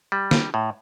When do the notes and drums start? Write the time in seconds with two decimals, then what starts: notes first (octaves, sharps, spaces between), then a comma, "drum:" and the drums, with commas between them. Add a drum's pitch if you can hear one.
0.12 G3
0.31 drum: snare
0.54 A2